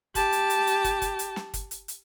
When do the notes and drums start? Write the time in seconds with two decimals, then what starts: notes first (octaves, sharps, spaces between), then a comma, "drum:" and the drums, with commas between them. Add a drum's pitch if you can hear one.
0.15 G4 A5, drum: kick, hi-hat
0.32 drum: hi-hat
0.50 drum: hi-hat
0.67 drum: hi-hat
0.84 drum: kick, hi-hat
1.02 drum: kick, hi-hat
1.19 drum: hi-hat
1.36 drum: snare
1.54 drum: kick, hi-hat
1.71 drum: hi-hat
1.88 drum: hi-hat